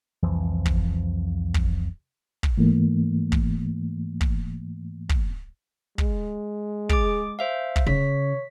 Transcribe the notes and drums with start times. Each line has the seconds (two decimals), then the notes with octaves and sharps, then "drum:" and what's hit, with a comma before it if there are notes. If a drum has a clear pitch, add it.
0.23 C2 F2 E3 F3
0.66 drum: kick
1.54 drum: kick
2.43 drum: kick
2.57 G#2 E3 A3 A#3
3.32 drum: kick
4.21 drum: kick
5.09 drum: kick
5.98 G#3, drum: kick
6.89 G#4 D6, drum: kick
7.39 C5 E5 F5
7.76 drum: kick
7.87 C#3 C#5 B6